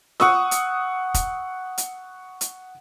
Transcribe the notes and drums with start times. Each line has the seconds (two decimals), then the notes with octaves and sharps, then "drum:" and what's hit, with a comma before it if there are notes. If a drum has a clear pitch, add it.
0.20 F#5 C#6 D#6 E6, drum: snare F4
0.51 drum: hi-hat
1.14 drum: kick, hi-hat
1.78 drum: hi-hat
2.41 drum: hi-hat